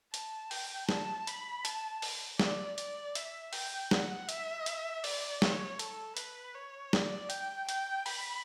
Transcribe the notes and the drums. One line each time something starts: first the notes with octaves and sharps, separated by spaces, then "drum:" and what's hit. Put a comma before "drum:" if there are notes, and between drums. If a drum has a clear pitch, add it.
A5, drum: hi-hat
G5, drum: open hi-hat
A5, drum: snare
B5, drum: hi-hat
A5, drum: hi-hat
drum: open hi-hat
D5, drum: snare
D5, drum: hi-hat
E5, drum: hi-hat
G5, drum: open hi-hat
F#5, drum: snare
E5, drum: hi-hat
drum: hi-hat
D5, drum: open hi-hat
C#5, drum: snare
A4, drum: hi-hat
B4, drum: hi-hat
C#5
D5, drum: snare
G5, drum: hi-hat
G5, drum: hi-hat
B5, drum: open hi-hat